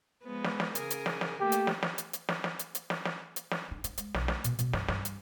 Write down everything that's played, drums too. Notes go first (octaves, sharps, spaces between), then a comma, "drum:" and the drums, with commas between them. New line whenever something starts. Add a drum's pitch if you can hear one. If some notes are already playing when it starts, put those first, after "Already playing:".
F3 G#3 B3
drum: snare
drum: snare
C#3 G#4 A#4, drum: hi-hat
drum: hi-hat
drum: snare
drum: snare
A3 A#3 G4
drum: hi-hat
drum: snare
drum: snare
drum: hi-hat
drum: hi-hat
drum: snare
drum: snare
drum: hi-hat
drum: hi-hat
drum: snare
drum: snare
drum: hi-hat
drum: snare
D4
C#4, drum: hi-hat
G#3, drum: hi-hat
B1, drum: snare
A3, drum: snare
B2, drum: hi-hat
B2, drum: hi-hat
G2, drum: snare
G2, drum: snare
drum: hi-hat